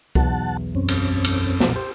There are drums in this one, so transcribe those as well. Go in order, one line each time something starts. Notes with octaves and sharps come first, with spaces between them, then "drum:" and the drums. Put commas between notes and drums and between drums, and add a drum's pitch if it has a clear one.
B1 E2 F#5 A5, drum: kick C2
F#2 C4 C#4
drum: cymbal
drum: cymbal
B1 F2 A#2, drum: snare
G4 C5